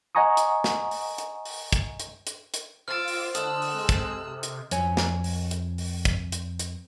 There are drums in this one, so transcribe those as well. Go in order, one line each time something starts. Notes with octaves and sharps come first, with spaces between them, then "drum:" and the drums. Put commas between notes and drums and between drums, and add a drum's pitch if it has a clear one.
D#5 F#5 G#5 A#5 C#6 D#6
drum: hi-hat
drum: snare
drum: open hi-hat
drum: hi-hat
drum: open hi-hat
drum: kick, hi-hat
drum: hi-hat
drum: hi-hat
drum: hi-hat
F4 C5 D6 E6 F6 A6
drum: open hi-hat
D3 A4 D#5 C6 D#6 E6 F#6, drum: hi-hat
drum: open hi-hat
G#3 C4
drum: kick, hi-hat
C3
drum: hi-hat
F2 C#5 G#5, drum: hi-hat
drum: snare
drum: open hi-hat
drum: hi-hat
drum: open hi-hat
drum: kick, hi-hat
drum: hi-hat
drum: hi-hat